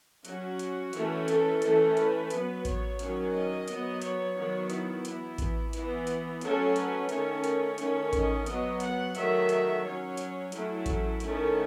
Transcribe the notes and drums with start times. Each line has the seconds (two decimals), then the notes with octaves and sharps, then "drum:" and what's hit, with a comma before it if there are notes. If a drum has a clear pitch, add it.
0.25 F#3 C#4 F#4, drum: hi-hat
0.59 drum: hi-hat
0.93 E3 A3 C#4, drum: hi-hat
1.28 A4, drum: hi-hat
1.62 E3 A3 C#4, drum: hi-hat
1.97 B4, drum: hi-hat
2.30 F#3 B3, drum: hi-hat
2.65 C#5, drum: kick A1, hi-hat
2.99 D#3 F#3 C#4, drum: hi-hat
3.34 D#5
3.68 F#3 B3, drum: hi-hat
4.02 C#5, drum: hi-hat
4.36 D#3 F#3 B3
4.70 E4, drum: hi-hat
5.05 E3 B3, drum: hi-hat
5.38 drum: kick A1, hi-hat
5.73 E3 B3 E4, drum: hi-hat
6.07 drum: hi-hat
6.41 F#3 A3 C#4 A4, drum: hi-hat
6.76 B4, drum: hi-hat
7.09 D#3 A3 C#4 C#5, drum: hi-hat
7.44 drum: hi-hat
7.78 D#3 A3 C#4, drum: hi-hat
8.13 D#5, drum: kick A1, hi-hat
8.46 F#3 B3 D#5, drum: hi-hat
8.80 F#5, drum: hi-hat
9.15 D#3 F#3 A3 E5, drum: hi-hat
9.49 drum: hi-hat
9.83 F#3 C#4 C#5
10.17 drum: hi-hat
10.52 F#3 A3 C#4 E4, drum: hi-hat
10.86 drum: kick A1, hi-hat
11.20 D#3 A3 C#4, drum: hi-hat